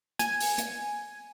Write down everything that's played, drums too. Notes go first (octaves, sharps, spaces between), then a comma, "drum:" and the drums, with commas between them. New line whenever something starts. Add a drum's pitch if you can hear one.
G#5, drum: hi-hat
drum: open hi-hat
drum: hi-hat